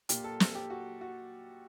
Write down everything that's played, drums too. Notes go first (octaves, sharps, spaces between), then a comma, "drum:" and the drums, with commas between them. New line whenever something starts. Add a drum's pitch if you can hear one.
A#2 G4, drum: hi-hat
A4
A4, drum: snare
G4
F#4
F#4